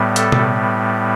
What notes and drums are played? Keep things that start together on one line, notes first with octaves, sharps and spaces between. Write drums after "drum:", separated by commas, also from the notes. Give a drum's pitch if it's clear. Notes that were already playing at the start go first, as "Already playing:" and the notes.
Already playing: A2 G3 B3
A4, drum: hi-hat
drum: tom B2